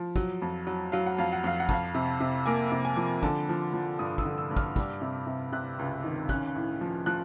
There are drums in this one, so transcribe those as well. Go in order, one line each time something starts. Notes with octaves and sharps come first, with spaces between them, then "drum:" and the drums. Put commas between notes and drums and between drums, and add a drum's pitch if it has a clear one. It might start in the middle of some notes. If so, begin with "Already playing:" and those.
Already playing: F3
F#3, drum: kick
F2
F#3
F#3 F5
F#5
F2 F5
F#5
F2 F5
F#5
F2 F5, drum: kick
C3
C3
A#3 G#5
C3
G#5
F3
D3 A5, drum: kick
F3
F3
G2 D#6
E6, drum: kick
D3
E6
G2
F6, drum: kick
G3, drum: kick
C3
C3
C3 F#6
C#2
D#3
C#4 F#6, drum: kick
A2
F3
F3 F#6